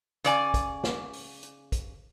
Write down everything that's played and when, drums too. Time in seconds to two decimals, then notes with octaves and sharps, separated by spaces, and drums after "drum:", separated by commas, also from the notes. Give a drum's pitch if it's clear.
0.24 C#3 D5 G#5, drum: hi-hat
0.54 drum: kick, hi-hat
0.84 drum: snare
1.13 drum: open hi-hat
1.43 drum: hi-hat
1.72 drum: kick, hi-hat